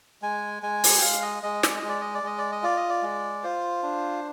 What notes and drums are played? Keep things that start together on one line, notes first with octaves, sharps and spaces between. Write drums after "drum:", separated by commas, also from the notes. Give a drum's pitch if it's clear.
G#3 G#5
G#3 G#5
drum: open hi-hat
G5
G#3 F5
D#5
G#3 D#5
D5, drum: snare
D#5
G#3
D5
D#5
D5
G#3 D#5
D5
D#5
F4 D5
D#5
D5
G#3
F4 C5
D4